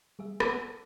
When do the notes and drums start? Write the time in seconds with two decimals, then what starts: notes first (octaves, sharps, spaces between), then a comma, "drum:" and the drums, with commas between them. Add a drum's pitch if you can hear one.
0.19 G3 G#4 E5
0.40 F#5 G#5 A5 C#6 D6 E6, drum: rim click